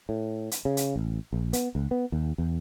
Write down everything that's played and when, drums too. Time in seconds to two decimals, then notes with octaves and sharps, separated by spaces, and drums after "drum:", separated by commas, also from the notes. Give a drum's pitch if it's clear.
0.09 A2
0.51 drum: hi-hat
0.65 C#3
0.77 drum: hi-hat
0.96 A1
1.33 A#1
1.53 B3, drum: hi-hat
1.75 C#2
1.91 B3
2.12 D#2
2.38 E2